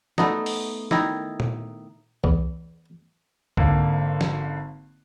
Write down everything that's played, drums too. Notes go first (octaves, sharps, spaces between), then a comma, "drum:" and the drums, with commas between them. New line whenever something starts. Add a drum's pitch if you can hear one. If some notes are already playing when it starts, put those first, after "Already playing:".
A3 B3 D#4, drum: snare
drum: open hi-hat
D#3 D#4 E4, drum: snare
drum: tom A#2
E2, drum: kick C2
G#1 D3 A#3, drum: kick C2
drum: snare